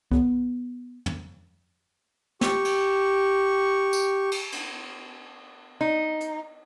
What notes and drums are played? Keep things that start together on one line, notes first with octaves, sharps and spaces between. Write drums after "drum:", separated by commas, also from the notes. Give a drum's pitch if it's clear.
B3, drum: kick C2
drum: tom
G4 C#6, drum: snare
drum: cymbal
drum: tambourine
drum: cymbal
drum: cymbal
D#4
drum: hi-hat